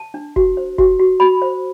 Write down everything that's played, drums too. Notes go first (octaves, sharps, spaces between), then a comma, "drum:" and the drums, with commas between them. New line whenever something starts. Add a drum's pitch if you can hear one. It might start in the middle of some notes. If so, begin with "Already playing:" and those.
Already playing: A5
D4
F#4, drum: kick
C5
F#4, drum: kick
F#4
F#4 B5
C5